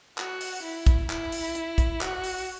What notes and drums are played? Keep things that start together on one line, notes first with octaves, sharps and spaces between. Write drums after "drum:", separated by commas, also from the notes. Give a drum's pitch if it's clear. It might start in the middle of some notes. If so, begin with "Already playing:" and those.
F#4, drum: clap
drum: open hi-hat
E4
drum: kick, hi-hat
E4, drum: clap
drum: open hi-hat
drum: hi-hat
drum: kick, hi-hat
F#4, drum: clap
drum: open hi-hat